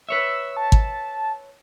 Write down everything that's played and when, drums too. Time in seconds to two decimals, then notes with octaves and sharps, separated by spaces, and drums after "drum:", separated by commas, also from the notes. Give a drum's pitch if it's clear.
0.09 B4 C#5 E5 E6
0.57 A5
0.72 drum: kick